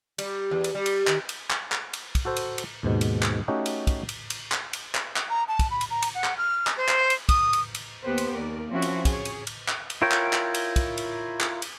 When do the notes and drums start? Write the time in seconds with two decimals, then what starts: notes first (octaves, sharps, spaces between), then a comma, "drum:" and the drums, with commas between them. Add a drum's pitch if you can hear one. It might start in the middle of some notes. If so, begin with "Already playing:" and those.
0.18 G3, drum: cymbal
0.51 E2
0.64 drum: cymbal
0.75 G3
0.86 drum: cymbal
1.07 D#3, drum: clap
1.29 drum: cymbal
1.50 drum: clap
1.72 drum: clap
1.93 drum: cymbal
2.15 drum: kick, cymbal
2.25 F#4 A4 C5
2.36 drum: cymbal
2.58 drum: cymbal
2.83 D#2 G#2 B2
3.01 drum: cymbal
3.23 drum: clap
3.48 A3 C#4 D#4 F#4 G4
3.66 drum: cymbal
3.87 drum: kick, cymbal
4.09 drum: cymbal
4.30 drum: cymbal
4.52 drum: clap
4.73 drum: cymbal
4.95 drum: clap
5.16 drum: clap
5.30 A#5
5.48 A5
5.59 drum: kick, cymbal
5.71 B5
5.81 drum: cymbal
5.90 A#5
6.02 drum: cymbal
6.15 F#5
6.24 drum: clap
6.37 F6
6.67 drum: clap
6.77 C5
6.88 drum: clap
7.10 drum: cymbal
7.29 D#6, drum: kick, cymbal
7.53 drum: cymbal
7.75 drum: cymbal
8.03 D#2 B3 G4 B4 C5
8.18 drum: cymbal
8.33 D#2 A#4 D5
8.69 F3 C4 C#4 E4 F#4
8.82 drum: cymbal
9.05 G#4 C#5, drum: kick, cymbal
9.25 drum: cymbal
9.47 drum: cymbal
9.68 drum: clap
9.90 drum: cymbal
10.02 E4 F4 A#4 C#5 G5
10.11 drum: clap
10.33 drum: clap
10.54 drum: cymbal
10.76 drum: kick, cymbal
10.97 drum: cymbal
11.41 drum: clap
11.62 drum: cymbal